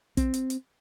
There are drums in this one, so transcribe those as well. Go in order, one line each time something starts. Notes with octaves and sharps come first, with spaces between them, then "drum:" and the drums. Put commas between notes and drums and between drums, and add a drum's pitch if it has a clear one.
C4, drum: kick, hi-hat
drum: hi-hat
drum: hi-hat